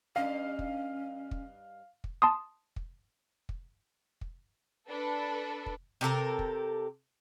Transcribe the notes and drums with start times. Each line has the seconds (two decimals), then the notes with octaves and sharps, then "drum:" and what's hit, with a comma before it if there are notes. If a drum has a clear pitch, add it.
0.16 G2 C#4 D#5 F5
0.59 drum: kick
1.31 drum: kick
2.04 drum: kick
2.22 A5 C6 D#6
2.76 drum: kick
3.49 drum: kick
4.21 drum: kick
4.89 D4 A4 B4
5.66 drum: kick
6.01 C3 G4 A4 A#4
6.39 drum: kick